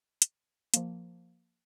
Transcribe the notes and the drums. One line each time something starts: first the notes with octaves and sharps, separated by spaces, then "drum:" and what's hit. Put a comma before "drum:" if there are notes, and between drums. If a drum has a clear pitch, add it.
drum: hi-hat
F3 A#3, drum: hi-hat